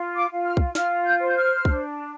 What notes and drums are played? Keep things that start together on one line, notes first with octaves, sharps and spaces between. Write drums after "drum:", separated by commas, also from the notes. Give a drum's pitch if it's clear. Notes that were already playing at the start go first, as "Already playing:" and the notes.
Already playing: F4
D6
F4
F6
drum: kick
F4 F6, drum: snare
G6
C5
G6
F6
D4, drum: kick